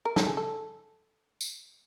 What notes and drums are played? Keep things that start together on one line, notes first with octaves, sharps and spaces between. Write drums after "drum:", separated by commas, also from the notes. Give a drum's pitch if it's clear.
A#4
A4, drum: snare
G#4
A4
drum: tambourine